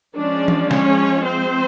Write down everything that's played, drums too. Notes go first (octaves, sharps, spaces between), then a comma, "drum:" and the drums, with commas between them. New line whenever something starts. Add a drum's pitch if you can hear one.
F3 G#3 C#4 D4 D5
drum: tom E3
C#4 C#5, drum: snare
C4 C5